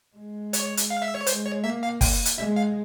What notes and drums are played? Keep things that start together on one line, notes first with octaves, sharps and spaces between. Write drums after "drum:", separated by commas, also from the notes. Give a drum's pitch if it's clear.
G#3
C#5, drum: hi-hat
drum: hi-hat
F5
E5
C#5
G#3 C5, drum: hi-hat
C#5
A#3 E5
F5
G5, drum: kick, open hi-hat
drum: hi-hat
G#3 E5
F5